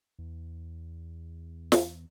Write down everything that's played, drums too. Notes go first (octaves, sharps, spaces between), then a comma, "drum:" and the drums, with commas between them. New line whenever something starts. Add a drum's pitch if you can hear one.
E2
drum: snare